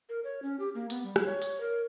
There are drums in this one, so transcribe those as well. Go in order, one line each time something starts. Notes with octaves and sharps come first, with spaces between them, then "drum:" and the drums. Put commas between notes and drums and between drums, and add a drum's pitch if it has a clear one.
A#4
C#5
C#4
G4
A#3
B3, drum: hi-hat
G3
drum: rim click
C#5
drum: hi-hat
A#4